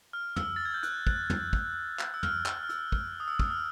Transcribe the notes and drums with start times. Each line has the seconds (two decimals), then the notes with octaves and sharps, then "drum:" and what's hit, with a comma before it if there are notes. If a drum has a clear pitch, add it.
0.13 F6
0.36 E6, drum: tom
0.56 A6
0.65 G#6
0.74 G6
0.83 F#6, drum: hi-hat
1.07 F#6, drum: kick
1.30 drum: tom
1.53 drum: kick
1.99 drum: clap
2.14 E6
2.23 F6, drum: tom
2.46 drum: clap
2.63 F6
2.69 E6, drum: hi-hat
2.92 F6, drum: kick
3.20 D#6
3.28 E6
3.39 E6, drum: kick
3.50 F6